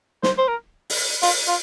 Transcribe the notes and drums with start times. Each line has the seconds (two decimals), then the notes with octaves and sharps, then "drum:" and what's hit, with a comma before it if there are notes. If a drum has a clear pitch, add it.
0.23 C5, drum: snare
0.38 C5
0.48 A#4
0.90 drum: open hi-hat
1.22 F4, drum: open hi-hat
1.48 F4